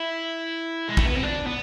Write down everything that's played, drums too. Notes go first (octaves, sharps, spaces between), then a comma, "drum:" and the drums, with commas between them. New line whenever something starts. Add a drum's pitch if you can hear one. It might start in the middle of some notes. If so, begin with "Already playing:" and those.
Already playing: E4
G#3
A3, drum: kick
B3
C4
D4
B3